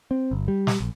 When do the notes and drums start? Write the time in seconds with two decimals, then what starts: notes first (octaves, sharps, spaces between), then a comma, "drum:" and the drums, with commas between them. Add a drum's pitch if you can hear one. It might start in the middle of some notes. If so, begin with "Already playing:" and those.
0.11 C4
0.31 G1
0.48 G3
0.67 drum: snare
0.80 A#1